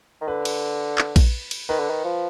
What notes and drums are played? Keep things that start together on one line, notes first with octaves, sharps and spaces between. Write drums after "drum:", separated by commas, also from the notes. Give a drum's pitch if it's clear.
D#3
D3 B4
drum: cymbal
drum: clap
drum: kick A#1, cymbal
drum: cymbal
D#3 B4
D3
D#3
F3